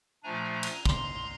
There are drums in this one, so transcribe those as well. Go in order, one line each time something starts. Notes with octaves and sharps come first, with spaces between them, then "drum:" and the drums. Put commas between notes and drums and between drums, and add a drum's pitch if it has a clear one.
A#2 F3 A3 D4 G#5 A#5
drum: cymbal
A#5 C6, drum: kick